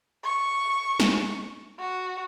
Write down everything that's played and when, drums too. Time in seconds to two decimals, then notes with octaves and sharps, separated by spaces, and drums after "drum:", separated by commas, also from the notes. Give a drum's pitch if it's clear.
0.24 C#6
1.00 drum: snare
1.79 F#4